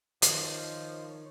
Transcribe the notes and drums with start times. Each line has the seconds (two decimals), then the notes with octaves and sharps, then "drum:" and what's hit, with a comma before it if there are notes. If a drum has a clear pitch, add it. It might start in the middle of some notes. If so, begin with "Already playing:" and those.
0.22 D#3 F3 C#5 D#5, drum: hi-hat